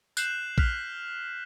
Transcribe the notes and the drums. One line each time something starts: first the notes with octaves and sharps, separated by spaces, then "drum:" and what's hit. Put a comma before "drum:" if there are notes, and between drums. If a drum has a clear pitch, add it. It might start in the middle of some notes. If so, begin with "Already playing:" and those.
F#6 G6 C7 E7 F#7, drum: tambourine
F6 F#6 B6 F7, drum: kick A#1